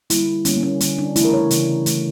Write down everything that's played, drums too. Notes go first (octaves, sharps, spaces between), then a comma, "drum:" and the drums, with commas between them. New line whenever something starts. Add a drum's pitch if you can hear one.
D3 G3 A#3 E4, drum: hi-hat
D3 G3 A#3 C#4, drum: hi-hat
A#3
C#4
D3 G3 A#3 C#4, drum: hi-hat
D4
C#3 E3 A3 E4, drum: hi-hat
A#4
C#5
C#3 E3 A3, drum: hi-hat
C#3 E3 A3, drum: hi-hat